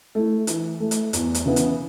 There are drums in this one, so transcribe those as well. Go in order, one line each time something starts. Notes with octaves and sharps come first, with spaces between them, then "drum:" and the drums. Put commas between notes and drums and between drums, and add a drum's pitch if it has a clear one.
A3 E4
E3, drum: hi-hat
A3 E4
drum: hi-hat
E2, drum: hi-hat
drum: hi-hat
C#3 E3 B3 E4
drum: hi-hat